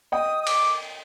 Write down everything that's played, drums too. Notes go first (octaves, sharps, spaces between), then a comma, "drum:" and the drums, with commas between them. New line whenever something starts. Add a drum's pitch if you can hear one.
D#5 G5 D#6
D#6
D6, drum: cymbal